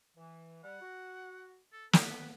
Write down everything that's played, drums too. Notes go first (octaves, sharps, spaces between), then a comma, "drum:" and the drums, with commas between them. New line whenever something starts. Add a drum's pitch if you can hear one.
E3
G3 F#5
F#4
A4
B3 B4, drum: snare